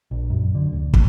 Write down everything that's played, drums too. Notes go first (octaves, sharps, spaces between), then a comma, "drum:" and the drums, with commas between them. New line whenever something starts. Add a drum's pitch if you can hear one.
A#1
F#2
D3
D1
drum: kick